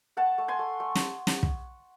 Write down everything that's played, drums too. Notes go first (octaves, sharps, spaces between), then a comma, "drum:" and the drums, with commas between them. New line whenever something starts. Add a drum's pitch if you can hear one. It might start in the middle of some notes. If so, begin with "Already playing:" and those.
A3 F#5 A5
A3
G#5 C6
A3
A3
drum: snare
drum: snare
drum: kick